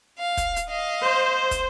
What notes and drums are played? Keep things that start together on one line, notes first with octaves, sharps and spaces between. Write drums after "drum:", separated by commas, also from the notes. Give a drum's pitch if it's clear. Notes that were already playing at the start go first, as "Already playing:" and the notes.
F5
drum: kick, hi-hat
drum: hi-hat
D#5 F5
C5
drum: kick, hi-hat